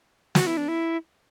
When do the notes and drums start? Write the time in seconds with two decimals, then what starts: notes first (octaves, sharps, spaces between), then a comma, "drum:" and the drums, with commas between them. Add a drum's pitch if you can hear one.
0.35 F#4, drum: snare
0.47 E4
0.57 D4
0.68 E4